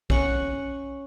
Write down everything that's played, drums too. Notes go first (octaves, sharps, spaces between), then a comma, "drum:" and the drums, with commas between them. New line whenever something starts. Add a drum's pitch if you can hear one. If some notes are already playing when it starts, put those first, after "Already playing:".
C#4 F#5 C#6, drum: kick B1